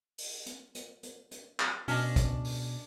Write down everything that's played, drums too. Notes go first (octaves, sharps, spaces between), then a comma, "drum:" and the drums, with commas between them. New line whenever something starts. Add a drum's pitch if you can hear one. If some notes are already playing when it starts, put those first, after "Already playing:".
drum: open hi-hat
drum: hi-hat
drum: hi-hat
drum: hi-hat
drum: hi-hat
drum: clap
B2 C#4 D4 D#5, drum: open hi-hat
drum: kick, hi-hat
drum: open hi-hat